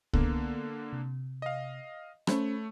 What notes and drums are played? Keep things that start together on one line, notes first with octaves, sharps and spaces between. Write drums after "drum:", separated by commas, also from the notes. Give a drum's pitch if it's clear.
D3 A#3 B3, drum: kick C2
C3
D#5 F5
A3 C#4 C5 C#5 B5, drum: rim click